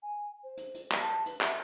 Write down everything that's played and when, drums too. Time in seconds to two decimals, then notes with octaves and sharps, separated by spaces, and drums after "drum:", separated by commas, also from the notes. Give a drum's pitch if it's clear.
0.03 G#5
0.44 C5
0.57 drum: hi-hat
0.75 drum: hi-hat
0.92 drum: clap
1.01 A5
1.26 B4, drum: hi-hat
1.41 E5, drum: clap